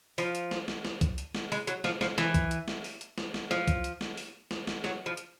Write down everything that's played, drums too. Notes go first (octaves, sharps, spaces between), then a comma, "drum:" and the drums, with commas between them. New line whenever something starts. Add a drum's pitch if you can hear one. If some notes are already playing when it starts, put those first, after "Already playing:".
F3, drum: open hi-hat
drum: hi-hat
drum: snare
drum: snare
drum: snare
drum: kick, hi-hat
drum: hi-hat
drum: snare
G#3, drum: open hi-hat
F#3, drum: hi-hat
F3, drum: snare
F3, drum: snare
E3, drum: snare
drum: kick, hi-hat
drum: hi-hat
drum: snare
drum: open hi-hat
drum: hi-hat
drum: snare
drum: snare
F3, drum: snare
drum: kick, hi-hat
drum: hi-hat
drum: snare
drum: open hi-hat
drum: snare
drum: snare
F#3, drum: snare
F3
drum: hi-hat